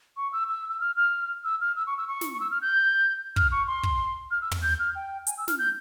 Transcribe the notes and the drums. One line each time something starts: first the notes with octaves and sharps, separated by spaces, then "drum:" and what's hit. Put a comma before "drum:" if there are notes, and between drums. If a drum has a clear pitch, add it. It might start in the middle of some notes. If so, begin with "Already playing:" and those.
C#6
E6
E6
E6
F6
F6
E6
F6
E6
C#6
E6
C#6
drum: snare
C#6
E6
F6
G6
F6, drum: kick
C#6
C6
drum: kick
F6
E6
drum: tom
G6
F6
G5
G#5, drum: hi-hat
E6
F6, drum: snare
G6